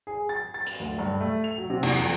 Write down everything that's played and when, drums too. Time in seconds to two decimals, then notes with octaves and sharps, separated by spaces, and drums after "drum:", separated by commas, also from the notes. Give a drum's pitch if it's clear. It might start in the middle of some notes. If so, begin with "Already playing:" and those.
0.07 G#4
0.29 A6
0.54 A6
0.66 drum: hi-hat
0.80 D2
0.99 G2
1.21 A3
1.44 F7
1.58 F#3
1.70 C3
1.83 E2, drum: cymbal
2.02 F2